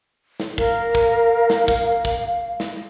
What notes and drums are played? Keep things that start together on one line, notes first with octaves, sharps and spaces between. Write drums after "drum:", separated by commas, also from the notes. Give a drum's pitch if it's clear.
drum: snare
A#4 F5, drum: kick
drum: kick
drum: snare
drum: kick
drum: kick
drum: snare